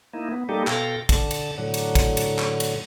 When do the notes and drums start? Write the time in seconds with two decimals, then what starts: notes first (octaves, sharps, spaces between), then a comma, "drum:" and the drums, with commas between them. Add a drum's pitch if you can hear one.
0.13 A#3 D#4 E4
0.32 B3
0.49 G3 A#3 D#4 G4 A4
0.67 B2 A4 F5 G5 A#6, drum: clap
1.09 D3 A5, drum: kick, cymbal
1.31 drum: cymbal
1.58 A2 D3 F#3
1.74 drum: cymbal
1.95 drum: kick, cymbal
2.17 drum: cymbal
2.39 drum: clap
2.60 drum: cymbal